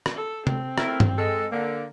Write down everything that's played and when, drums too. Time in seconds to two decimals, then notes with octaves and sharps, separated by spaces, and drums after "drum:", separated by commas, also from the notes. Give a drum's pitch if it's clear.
0.06 drum: rim click
0.15 A4
0.47 C4, drum: tom C3
0.78 A3 E4 A#4, drum: rim click
1.00 drum: tom G2
1.18 G#3 A4
1.51 D3 A#3